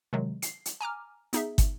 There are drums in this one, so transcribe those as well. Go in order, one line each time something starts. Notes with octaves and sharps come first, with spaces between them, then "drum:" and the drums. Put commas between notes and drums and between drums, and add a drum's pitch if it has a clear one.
C3 D#3 F#3 G#3
C7, drum: hi-hat
drum: hi-hat
G#5 A#5 D6 F6
B3 D#4 G#4 E5, drum: hi-hat
drum: kick, hi-hat